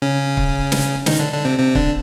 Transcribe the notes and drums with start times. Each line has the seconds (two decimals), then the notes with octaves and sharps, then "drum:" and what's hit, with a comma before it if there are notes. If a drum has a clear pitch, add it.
0.02 C#3 C#4
0.37 drum: kick C#1
0.72 drum: snare
1.06 D#3 D#4, drum: snare
1.19 D3 D4
1.32 D3 D4
1.45 C3 C4
1.58 C3 C4
1.75 D3 D4, drum: kick C#1